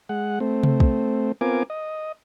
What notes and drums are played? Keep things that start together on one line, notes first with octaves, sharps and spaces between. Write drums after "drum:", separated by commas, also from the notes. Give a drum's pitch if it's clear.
G#3 F#5
A3 C4
drum: tom C3
drum: kick
B3 C4 F4 A#4 G#5 D6
D#5